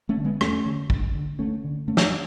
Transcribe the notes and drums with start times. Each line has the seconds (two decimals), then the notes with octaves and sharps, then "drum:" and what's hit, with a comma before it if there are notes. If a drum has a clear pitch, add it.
0.09 A3 C#4
0.17 D3
0.25 G#3 B3
0.41 E2 A3 C#4, drum: rim click
0.66 D3
0.90 D2, drum: kick
1.15 D3
1.39 D2 A3 C#4
1.64 D3
1.87 F#2 A3 C#4
1.97 drum: snare